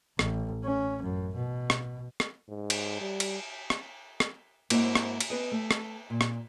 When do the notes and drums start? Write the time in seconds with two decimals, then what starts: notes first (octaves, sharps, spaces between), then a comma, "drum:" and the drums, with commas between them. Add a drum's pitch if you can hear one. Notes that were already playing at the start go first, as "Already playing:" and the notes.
0.19 A1, drum: rim click
0.64 C#4
1.03 F#2
1.35 B2
1.70 drum: rim click
2.20 drum: rim click
2.49 G#2
2.70 drum: cymbal
3.01 G3
3.20 drum: cymbal
3.70 drum: rim click
4.20 drum: rim click
4.70 G#2 A#3 C4 E4 F#4, drum: cymbal
4.95 drum: rim click
5.20 drum: cymbal
5.30 B3 B4 D#5
5.52 A3
5.71 drum: rim click
6.10 A#2
6.21 drum: rim click